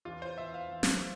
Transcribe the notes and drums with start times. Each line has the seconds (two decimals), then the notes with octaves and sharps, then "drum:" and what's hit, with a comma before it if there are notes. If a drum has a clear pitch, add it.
0.05 E2 F4
0.22 C5
0.38 E2 E5
0.54 F5
0.70 E2
0.83 drum: snare